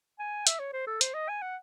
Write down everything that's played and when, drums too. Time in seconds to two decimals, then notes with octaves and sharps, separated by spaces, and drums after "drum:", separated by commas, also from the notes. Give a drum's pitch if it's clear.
0.19 G#5
0.47 E5, drum: hi-hat
0.59 C#5
0.73 C5
0.87 A4
1.01 C5, drum: hi-hat
1.14 D#5
1.29 G#5
1.42 F#5